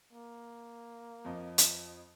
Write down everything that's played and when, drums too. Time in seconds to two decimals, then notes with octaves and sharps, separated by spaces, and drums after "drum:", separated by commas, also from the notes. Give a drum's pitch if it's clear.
0.13 A#3
1.25 F2 F3 D#5
1.58 drum: hi-hat